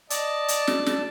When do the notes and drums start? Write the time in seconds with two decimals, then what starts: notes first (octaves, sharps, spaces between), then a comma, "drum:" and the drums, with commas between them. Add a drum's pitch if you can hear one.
0.10 D5 D#5 A5, drum: hi-hat
0.48 drum: hi-hat
0.67 drum: snare
0.86 drum: snare